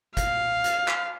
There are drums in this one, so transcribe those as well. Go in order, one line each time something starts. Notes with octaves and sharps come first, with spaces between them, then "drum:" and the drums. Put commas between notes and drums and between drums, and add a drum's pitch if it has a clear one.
F5, drum: kick, hi-hat
drum: hi-hat
drum: clap